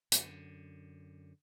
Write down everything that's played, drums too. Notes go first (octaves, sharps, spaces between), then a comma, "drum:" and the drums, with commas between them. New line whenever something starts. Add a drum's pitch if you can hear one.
F#2 D3, drum: hi-hat